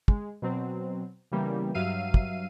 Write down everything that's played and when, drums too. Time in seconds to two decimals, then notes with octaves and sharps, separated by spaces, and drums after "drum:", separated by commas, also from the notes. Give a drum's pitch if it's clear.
0.08 G#3, drum: kick
0.42 B2 F#3 C4
1.32 C#3 E3 G3 A#3 B3
1.75 G2 F#3 E5 F5 C7 D#7
2.14 drum: kick